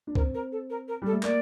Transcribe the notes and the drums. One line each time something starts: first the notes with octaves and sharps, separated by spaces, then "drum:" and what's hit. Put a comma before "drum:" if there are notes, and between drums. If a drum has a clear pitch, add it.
D4
C4 A#4, drum: kick
A#4
A4
A#4
A#4
G3 A4
A3
A#3 D5, drum: clap